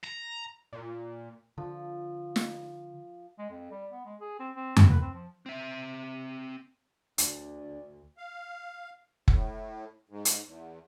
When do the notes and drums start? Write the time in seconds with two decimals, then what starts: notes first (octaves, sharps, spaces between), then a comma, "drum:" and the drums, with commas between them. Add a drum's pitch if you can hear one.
0.03 A#5
0.73 A#2
1.58 D3 F3
2.36 drum: snare
3.39 G#3
3.50 F2
3.71 G3
3.92 B3
4.05 G#3
4.20 G#4
4.40 C4
4.56 C4
4.76 C4, drum: tom F2
4.90 B4
5.01 C4
5.13 F3
5.46 C4 E5
7.18 D2 D4, drum: hi-hat
8.17 F5
9.28 A2, drum: kick
10.10 G#2
10.25 drum: hi-hat
10.45 E2